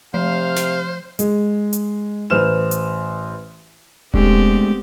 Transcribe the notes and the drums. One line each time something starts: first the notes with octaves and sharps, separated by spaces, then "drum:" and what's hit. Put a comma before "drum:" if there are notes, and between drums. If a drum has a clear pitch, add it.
C3 F3 C5 F5
drum: snare
G#3, drum: hi-hat
drum: hi-hat
A1 B4 C5 F6 E7
drum: hi-hat
G#3 A3 B3 C4 D4 G4, drum: kick E1